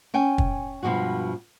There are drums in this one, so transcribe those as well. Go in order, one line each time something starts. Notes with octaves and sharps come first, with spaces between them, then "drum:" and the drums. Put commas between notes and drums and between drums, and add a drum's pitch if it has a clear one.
C#4 G5 G#5
drum: kick
G2 B2 F3 G#3 F#4